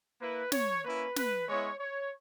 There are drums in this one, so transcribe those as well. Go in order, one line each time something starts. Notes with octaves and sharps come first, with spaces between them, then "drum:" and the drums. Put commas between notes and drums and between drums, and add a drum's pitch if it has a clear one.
A#3 E4 B4
C#5, drum: snare
A#3 C#4 E4 B4
B4, drum: snare
G#3 B3 E4 C#5
C#5